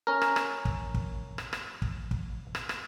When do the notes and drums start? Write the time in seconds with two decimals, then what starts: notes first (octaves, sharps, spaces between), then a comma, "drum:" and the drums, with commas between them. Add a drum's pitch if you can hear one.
0.07 C#4 A#4
0.22 drum: rim click
0.36 drum: rim click
0.65 drum: kick
0.94 drum: kick
1.38 drum: rim click
1.53 drum: rim click
1.82 drum: kick
2.11 drum: kick
2.55 drum: rim click
2.69 drum: rim click